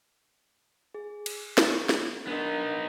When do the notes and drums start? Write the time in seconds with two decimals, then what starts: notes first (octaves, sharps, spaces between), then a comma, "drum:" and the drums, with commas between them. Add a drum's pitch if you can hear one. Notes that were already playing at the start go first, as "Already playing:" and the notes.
0.95 G#4
1.26 drum: cymbal
1.58 drum: snare
1.69 C#6
1.89 drum: snare
2.27 B3 D4 D#4 A#4